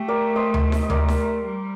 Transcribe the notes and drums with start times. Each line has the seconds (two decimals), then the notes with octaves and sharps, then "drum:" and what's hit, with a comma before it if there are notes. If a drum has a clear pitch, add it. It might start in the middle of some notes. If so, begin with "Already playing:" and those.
Already playing: A3 G4
0.08 A#4 D5
0.36 C5 D#5
0.54 drum: tom D2
0.72 drum: snare D#4
0.83 D#5
0.90 A3 A#4 D5, drum: tom D2
1.08 drum: snare D#4
1.45 G3